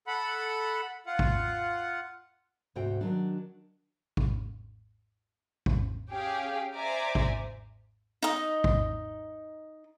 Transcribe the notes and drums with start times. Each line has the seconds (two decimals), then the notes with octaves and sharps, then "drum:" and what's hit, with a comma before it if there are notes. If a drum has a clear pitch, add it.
0.07 A4 F#5 B5
1.07 F4 F#5
1.19 drum: kick G#1
2.75 D2 G#2 C3 C4 F#4 G5
3.01 D#3 F#3 D4
4.17 drum: kick G#1
5.66 drum: kick G#1
6.12 C#4 G4 G#4 F5 G5
6.75 C5 D5 E5 G#5 A#5 D6
7.15 drum: kick G#1
8.22 D#4 D#5
8.64 drum: kick G#1